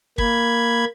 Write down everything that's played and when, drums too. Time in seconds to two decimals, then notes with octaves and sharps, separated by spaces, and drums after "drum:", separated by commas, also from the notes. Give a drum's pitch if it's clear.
0.18 A#3 B5 G#6, drum: kick